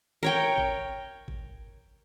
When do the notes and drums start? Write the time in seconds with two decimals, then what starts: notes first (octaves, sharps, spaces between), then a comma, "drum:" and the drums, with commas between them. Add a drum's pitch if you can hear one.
0.23 A#4 C#5 G5
0.58 drum: kick G#1
1.28 drum: kick G#1